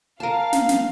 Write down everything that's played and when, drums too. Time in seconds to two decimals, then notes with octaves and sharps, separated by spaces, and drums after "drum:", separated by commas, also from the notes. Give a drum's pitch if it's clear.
0.20 A#4 F5 A5
0.53 drum: snare
0.69 drum: snare